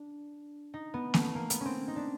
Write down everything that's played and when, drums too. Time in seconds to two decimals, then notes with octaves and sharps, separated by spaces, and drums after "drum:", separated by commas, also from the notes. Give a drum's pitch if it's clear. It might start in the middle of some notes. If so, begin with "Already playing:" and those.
Already playing: D4
0.74 D#4
0.94 B3
1.14 A3, drum: snare A#3
1.35 A#3
1.50 B3, drum: hi-hat
1.60 C#4
1.65 C4
1.88 D#4
1.96 D4